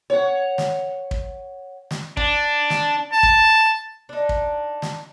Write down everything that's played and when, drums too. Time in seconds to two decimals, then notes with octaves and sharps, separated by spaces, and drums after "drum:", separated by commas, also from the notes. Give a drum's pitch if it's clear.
0.10 C#5 F#5
0.58 drum: snare
1.11 drum: kick
1.91 drum: snare
2.17 D4, drum: kick
2.70 drum: snare
3.12 A5
3.23 drum: kick
4.09 D4 D#4
4.29 drum: kick
4.82 drum: snare